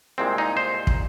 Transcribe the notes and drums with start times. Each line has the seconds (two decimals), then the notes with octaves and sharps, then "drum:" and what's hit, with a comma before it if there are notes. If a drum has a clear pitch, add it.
0.18 C2 A#2 G#3 C4
0.38 D#4
0.57 C5
0.87 drum: kick